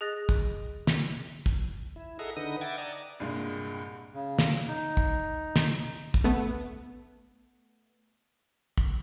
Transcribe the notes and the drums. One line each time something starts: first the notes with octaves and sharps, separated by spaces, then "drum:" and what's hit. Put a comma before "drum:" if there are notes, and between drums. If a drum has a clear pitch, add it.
G#4 D#5 D#6 F#6 A6 A#6
drum: kick
drum: snare
drum: kick
E4
G#4 A4 D#5 E5 F#5 A#5
D3 D#4 B4 D#6 A#6
E5 F#5 G5 D6 G#6 A6
D5 A5 A#5 D#6
C2 G2 A#2 G#3
C#3
drum: snare
D#4
drum: kick
drum: snare
drum: kick
A3 B3
drum: kick